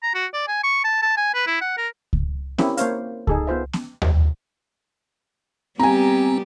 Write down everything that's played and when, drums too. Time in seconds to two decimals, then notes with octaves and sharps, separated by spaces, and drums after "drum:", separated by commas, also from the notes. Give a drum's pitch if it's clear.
0.03 A#5
0.14 F#4
0.34 D5
0.48 G#5
0.64 C#6
0.84 A5
1.02 A5
1.17 G#5
1.34 B4
1.47 E4
1.61 F#5
1.78 A#4
2.13 drum: kick C#2
2.58 C4 C#4 E4 G4 A#4, drum: snare B3
2.77 A#3 C5 C#5 F5, drum: hi-hat
3.27 D#4 G#4 A4, drum: kick C#2
3.47 B3 F4 C5 E5
3.73 drum: snare B3
4.02 drum: tom D#2
5.79 G3 B3 C4 G4 G#5 A#5